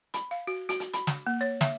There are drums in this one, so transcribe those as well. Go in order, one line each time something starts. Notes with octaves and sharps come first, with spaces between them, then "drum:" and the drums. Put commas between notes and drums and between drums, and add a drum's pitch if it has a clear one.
B5, drum: hi-hat
F5
F#4
F#4, drum: hi-hat
drum: hi-hat
B5, drum: hi-hat
drum: snare
A#3
C#5
E5, drum: snare